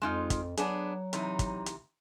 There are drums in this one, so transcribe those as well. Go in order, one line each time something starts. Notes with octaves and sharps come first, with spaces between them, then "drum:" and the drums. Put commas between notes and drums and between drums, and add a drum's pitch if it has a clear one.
F2 G#3 D#4 F4
drum: kick, hi-hat
F#3 B3 D4 G#4, drum: hi-hat
C3 E3 D#4, drum: hi-hat
drum: kick, hi-hat
drum: hi-hat